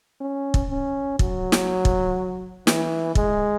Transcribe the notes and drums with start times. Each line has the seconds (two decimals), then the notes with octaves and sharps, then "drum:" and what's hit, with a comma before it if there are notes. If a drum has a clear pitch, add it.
0.21 C#4
0.54 drum: kick
0.70 C#4
1.19 F#3, drum: kick
1.52 drum: snare
1.85 drum: kick
2.67 E3, drum: snare
3.15 G#3, drum: kick